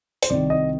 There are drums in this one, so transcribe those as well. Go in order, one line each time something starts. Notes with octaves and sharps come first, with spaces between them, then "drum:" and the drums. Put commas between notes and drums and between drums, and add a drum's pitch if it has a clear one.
C5, drum: hi-hat
C2 C3 D#3 D5
D#5